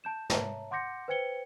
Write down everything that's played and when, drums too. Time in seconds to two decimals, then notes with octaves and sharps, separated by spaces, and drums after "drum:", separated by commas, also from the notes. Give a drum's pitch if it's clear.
0.04 A5 G6 E7
0.30 C#5 E5 A5 A#5, drum: snare
0.71 F#5 C6 D6 G6 A#6 C#7
1.08 B4 C5 G5 G#6 C#7 G7